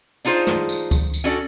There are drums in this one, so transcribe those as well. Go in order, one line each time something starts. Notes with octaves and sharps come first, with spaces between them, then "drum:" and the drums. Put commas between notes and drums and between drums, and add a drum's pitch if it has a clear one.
D4 D#4 F4 G#4 C5
drum: snare
drum: tambourine
drum: kick D2, tambourine
drum: tambourine
C#4 D4 F#4 A4 D5